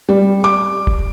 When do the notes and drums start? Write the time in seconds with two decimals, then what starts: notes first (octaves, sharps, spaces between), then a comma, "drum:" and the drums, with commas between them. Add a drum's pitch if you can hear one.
0.09 G3
0.44 D6
0.87 drum: kick F1